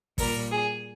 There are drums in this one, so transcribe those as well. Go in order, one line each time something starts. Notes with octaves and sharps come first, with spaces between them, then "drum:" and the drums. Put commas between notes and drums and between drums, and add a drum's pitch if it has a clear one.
A#2 G3 A#4, drum: kick, open hi-hat
G#4